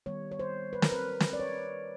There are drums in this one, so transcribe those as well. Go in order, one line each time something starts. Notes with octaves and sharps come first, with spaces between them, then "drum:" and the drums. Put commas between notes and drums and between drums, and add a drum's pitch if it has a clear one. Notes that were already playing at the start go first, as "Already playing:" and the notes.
D#3 G3 B3 C#5
C#5
C5
B4
A#4, drum: snare
B4
drum: snare
D5
C#5